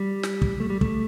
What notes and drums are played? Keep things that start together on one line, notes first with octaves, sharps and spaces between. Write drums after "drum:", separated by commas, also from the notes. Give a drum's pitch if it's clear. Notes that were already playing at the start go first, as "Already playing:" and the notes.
Already playing: G3
drum: snare
drum: kick
A3
G3
A3, drum: kick